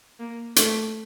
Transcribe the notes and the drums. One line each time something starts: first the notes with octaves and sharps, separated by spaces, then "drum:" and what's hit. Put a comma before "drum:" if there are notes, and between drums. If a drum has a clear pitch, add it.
A#3
A3, drum: hi-hat